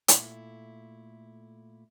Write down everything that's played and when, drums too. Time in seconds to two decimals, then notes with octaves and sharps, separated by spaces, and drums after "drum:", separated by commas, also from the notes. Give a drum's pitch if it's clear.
0.08 A#2 A3 E4, drum: hi-hat